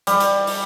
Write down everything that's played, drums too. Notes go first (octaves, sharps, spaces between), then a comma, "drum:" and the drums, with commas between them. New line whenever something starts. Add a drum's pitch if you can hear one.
G3, drum: hi-hat
drum: hi-hat
drum: open hi-hat